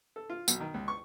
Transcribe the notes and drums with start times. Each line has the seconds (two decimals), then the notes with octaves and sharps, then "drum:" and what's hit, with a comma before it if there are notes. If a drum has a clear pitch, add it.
0.16 A4
0.29 F4
0.48 B1, drum: tambourine
0.60 D#3
0.74 C#2
0.88 C#6